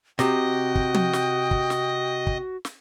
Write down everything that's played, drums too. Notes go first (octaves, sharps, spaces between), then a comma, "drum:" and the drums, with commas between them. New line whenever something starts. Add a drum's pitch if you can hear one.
C3 F#4 D#5 G5 D#6, drum: snare
drum: kick
drum: tom
drum: snare
drum: kick
drum: snare
drum: kick
drum: snare